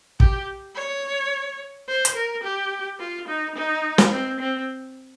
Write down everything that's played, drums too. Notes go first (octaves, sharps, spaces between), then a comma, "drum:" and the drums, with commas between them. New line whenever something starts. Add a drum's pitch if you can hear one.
G4, drum: kick
C#5
C5
drum: hi-hat
A#4
G4
F4
D#4
D#4
drum: snare
C4
C4